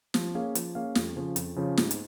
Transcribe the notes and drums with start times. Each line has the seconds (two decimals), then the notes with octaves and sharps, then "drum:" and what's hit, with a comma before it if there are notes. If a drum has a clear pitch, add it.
0.14 F3, drum: snare
0.35 A#3 C#4 G#4 F5
0.55 F3, drum: hi-hat
0.75 A#3 C#4 G#4 F5
0.95 F2, drum: snare
1.16 C#3 F3 C#4
1.36 F2, drum: hi-hat
1.56 C#3 F3 C#4
1.77 G#2, drum: snare
1.91 drum: hi-hat